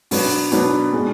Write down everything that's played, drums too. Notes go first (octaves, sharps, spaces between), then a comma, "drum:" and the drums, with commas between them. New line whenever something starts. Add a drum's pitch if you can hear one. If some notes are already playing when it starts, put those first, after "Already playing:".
B2 F#3 B3 D4, drum: open hi-hat
B2 F#3 B3 D4, drum: hi-hat
B2 G#3 D4